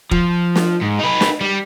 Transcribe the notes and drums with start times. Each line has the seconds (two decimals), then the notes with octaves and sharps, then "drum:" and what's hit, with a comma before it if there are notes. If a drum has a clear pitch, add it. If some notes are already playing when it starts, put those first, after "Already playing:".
0.11 F3, drum: kick
0.56 drum: snare
0.81 G#2
0.99 D#4 B4
1.21 drum: snare
1.41 G3